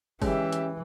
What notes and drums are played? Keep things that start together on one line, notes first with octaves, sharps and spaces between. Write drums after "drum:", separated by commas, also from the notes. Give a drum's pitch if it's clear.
E3 G#3 C#4 G4 E5, drum: kick G1, open hi-hat
drum: hi-hat